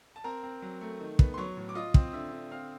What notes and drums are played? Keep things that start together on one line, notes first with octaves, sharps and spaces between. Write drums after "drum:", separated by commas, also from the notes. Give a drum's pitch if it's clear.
A5
C4 A#4 A#5
C4
F#3
A3
D#3
B3, drum: kick
C6
F#3 C#5 C#6
A2
D6
F4 D#5 D#6
C4, drum: kick
D#6
D3 E5 E6
D3
C4 F5 F6